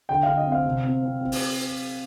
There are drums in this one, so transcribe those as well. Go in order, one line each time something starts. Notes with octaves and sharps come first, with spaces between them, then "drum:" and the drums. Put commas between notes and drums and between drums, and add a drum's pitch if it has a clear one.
D3 G5
D3 F5
D#5
C4
F5
C3
C4
C4
C4
drum: open hi-hat